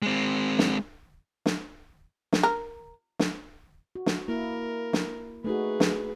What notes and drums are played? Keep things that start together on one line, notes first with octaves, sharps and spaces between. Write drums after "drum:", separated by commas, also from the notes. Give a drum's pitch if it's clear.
G#3 C4
drum: snare
drum: snare
drum: snare
A#4
drum: snare
F#4
drum: snare
A#3 E4 A#4
drum: snare
A3 D#4 F#4 G#4 B4
drum: snare